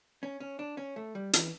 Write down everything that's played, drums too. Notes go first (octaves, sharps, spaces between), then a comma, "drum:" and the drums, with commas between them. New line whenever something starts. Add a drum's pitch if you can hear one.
C#4
C#4
D4
C#4
A3
G3
E3, drum: hi-hat